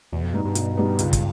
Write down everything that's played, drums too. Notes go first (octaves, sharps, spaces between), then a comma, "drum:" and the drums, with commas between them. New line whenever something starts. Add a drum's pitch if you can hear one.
E2 B2
F2
G2 G3 B3 D#4
G2
B2, drum: hi-hat
G3 B3 D#4
C#2, drum: hi-hat
drum: kick, hi-hat